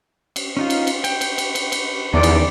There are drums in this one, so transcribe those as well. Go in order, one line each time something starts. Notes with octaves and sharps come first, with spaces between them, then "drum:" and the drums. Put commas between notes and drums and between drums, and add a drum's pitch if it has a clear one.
drum: cymbal
C#4 D#4 F4
drum: cymbal
drum: cymbal
G5, drum: cymbal
drum: cymbal
drum: cymbal
drum: cymbal
drum: cymbal
E2 D#3 D5
drum: cymbal